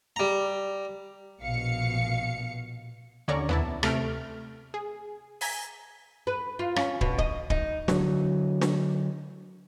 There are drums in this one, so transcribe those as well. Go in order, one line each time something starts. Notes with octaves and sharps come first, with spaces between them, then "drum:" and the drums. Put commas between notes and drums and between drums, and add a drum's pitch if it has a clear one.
G3 A#5
A#1 B2 F5 C#7
D#2 D3 C#4 D5 A#5 C#6
B3 E4 A5, drum: tom
C3 A3 F6 D7, drum: rim click
G#4
G#5 A#5 G#6 B6 D#7, drum: open hi-hat
B4
F4
C#4, drum: rim click
B2, drum: kick
D#5, drum: kick
D#4, drum: kick
D3 F#3, drum: snare
drum: snare